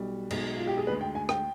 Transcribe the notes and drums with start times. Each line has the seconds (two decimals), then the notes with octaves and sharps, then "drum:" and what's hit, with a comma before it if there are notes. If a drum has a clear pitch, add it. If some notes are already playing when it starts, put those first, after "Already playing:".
Already playing: B1 B2 G3
0.30 B1 B2 G#3, drum: cymbal
0.57 F4
0.67 G4
0.77 G#4
0.87 D2 D3 G#3 B4
1.01 G5
1.15 G#5
1.29 G5, drum: rim click